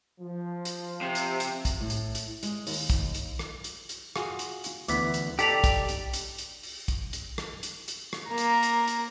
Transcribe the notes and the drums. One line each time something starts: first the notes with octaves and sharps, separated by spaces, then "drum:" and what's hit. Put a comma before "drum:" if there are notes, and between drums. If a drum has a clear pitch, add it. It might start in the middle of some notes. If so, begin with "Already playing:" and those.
F3
drum: hi-hat
C3
drum: hi-hat
drum: hi-hat
drum: kick, hi-hat
A2
drum: hi-hat
drum: hi-hat
G#3, drum: hi-hat
D#2, drum: open hi-hat
drum: kick, hi-hat
drum: hi-hat
drum: rim click
drum: hi-hat
drum: hi-hat
F4 F#4 G#4, drum: rim click
drum: hi-hat
drum: hi-hat
D2 E3 B3 D6 B6, drum: hi-hat
drum: hi-hat
D#4 G4 A4 D5 B6 F7, drum: hi-hat
drum: kick, hi-hat
drum: hi-hat
drum: hi-hat
drum: hi-hat
drum: open hi-hat
drum: kick, hi-hat
drum: hi-hat
drum: rim click
drum: hi-hat
drum: hi-hat
drum: rim click
A#3 A#5
drum: hi-hat
drum: hi-hat
drum: hi-hat